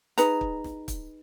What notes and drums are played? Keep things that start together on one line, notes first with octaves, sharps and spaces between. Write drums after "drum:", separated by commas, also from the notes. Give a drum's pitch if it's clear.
D#4 G#4 B4 A#5, drum: hi-hat
drum: kick
drum: snare
drum: kick, hi-hat